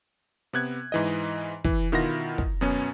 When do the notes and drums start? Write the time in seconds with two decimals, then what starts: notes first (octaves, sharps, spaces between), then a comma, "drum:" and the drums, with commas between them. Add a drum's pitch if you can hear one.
0.53 C3 B3 F#6 G#6
0.92 G#2 E3 D#5
1.64 E3, drum: kick
1.92 B2 D#3 E4 F4 F#5 A#6
2.38 drum: kick
2.61 F#2 B2 B3 C#4